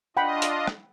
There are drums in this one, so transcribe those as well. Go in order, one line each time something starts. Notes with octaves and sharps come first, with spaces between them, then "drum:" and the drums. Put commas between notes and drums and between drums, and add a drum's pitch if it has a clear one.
D4 F4 D#5 F#5 G5 B5
drum: hi-hat
drum: rim click